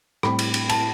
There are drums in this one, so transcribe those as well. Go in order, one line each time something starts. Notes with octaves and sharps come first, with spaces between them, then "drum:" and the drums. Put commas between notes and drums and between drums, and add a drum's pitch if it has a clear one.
A2 G3 C4 B5, drum: rim click
drum: cymbal
drum: cymbal
A5, drum: cymbal